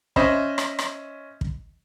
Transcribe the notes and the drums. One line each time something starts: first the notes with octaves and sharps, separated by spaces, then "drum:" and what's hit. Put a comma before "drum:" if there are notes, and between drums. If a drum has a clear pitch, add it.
C#4 C5 D#5 E5 B5, drum: kick
drum: rim click
drum: rim click
drum: kick